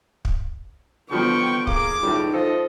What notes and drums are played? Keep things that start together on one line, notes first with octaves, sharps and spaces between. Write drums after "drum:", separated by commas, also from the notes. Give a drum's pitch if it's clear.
drum: kick
D3 F3 G3 B3 G5 C#6
A#3 G#4 D6, drum: kick
C#2 A2 G3 D#4
F3 A4 D#5